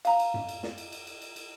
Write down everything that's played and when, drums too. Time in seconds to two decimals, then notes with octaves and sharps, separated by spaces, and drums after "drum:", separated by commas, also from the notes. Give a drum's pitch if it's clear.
0.05 F5 A#5, drum: cymbal
0.19 drum: cymbal
0.34 drum: tom F#2
0.49 drum: cymbal
0.63 drum: snare
0.78 drum: cymbal
0.92 drum: cymbal
1.07 drum: cymbal
1.21 drum: cymbal
1.36 drum: cymbal